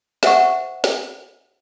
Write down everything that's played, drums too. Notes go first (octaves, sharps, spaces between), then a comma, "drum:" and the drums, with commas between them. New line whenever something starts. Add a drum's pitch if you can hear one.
C5 E5 F#5 C#6, drum: snare
drum: snare